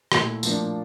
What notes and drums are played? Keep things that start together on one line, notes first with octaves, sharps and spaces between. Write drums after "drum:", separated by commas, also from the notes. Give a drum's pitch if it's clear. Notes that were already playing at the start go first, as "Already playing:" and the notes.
A#2 A3 E4, drum: rim click
A2 F3 A#3 D4, drum: tambourine